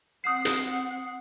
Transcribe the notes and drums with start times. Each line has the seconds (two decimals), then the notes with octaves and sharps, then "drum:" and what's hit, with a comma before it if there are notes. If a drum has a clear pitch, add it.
0.24 C4 F#5 D#6 C7
0.45 drum: hi-hat